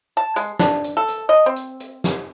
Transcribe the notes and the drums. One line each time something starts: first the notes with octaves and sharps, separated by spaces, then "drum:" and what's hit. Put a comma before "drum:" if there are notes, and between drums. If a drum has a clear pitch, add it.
A5
G#3, drum: hi-hat
D4, drum: snare
drum: hi-hat
A4
drum: hi-hat
D#5
C4
drum: hi-hat
drum: hi-hat
drum: snare